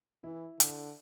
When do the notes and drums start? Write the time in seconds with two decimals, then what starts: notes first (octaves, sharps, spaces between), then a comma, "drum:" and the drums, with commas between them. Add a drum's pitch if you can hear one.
0.24 E3 E4
0.60 D3, drum: hi-hat